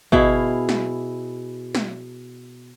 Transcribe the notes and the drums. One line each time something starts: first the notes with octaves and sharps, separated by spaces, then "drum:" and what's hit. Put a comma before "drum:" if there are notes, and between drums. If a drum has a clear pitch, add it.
B2 E4 G#4 F5, drum: kick
drum: snare
drum: snare